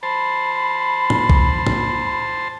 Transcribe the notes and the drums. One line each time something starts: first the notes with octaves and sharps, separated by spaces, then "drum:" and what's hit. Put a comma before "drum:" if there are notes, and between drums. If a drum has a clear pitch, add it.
C5 A5 B5
drum: tom
drum: kick B1
drum: tom